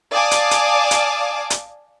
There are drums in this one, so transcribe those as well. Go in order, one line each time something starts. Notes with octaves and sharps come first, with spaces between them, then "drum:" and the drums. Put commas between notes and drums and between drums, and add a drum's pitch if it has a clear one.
D5 F5 G#5 A5 D6 D#6
drum: hi-hat
drum: hi-hat
drum: hi-hat
drum: hi-hat